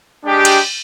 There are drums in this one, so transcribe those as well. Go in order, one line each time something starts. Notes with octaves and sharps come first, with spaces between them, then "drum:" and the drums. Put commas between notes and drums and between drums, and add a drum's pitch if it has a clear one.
G#3 D4 G4
drum: cymbal